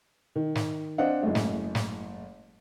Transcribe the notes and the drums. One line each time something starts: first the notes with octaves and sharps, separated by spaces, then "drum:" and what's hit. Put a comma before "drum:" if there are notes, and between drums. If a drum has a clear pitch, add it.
D#3
drum: snare
C4 D4 D5 D#5 F5 F#5
F#1 G#3 A3
drum: snare
drum: snare